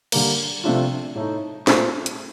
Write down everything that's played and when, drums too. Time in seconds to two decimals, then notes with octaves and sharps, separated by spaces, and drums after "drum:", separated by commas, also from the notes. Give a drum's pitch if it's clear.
0.12 D3 G3 A#3, drum: cymbal
0.64 C3 F3 A3 D4 F4
1.15 A2 A3 D#4
1.67 A#2 A3 C4, drum: snare
2.06 drum: hi-hat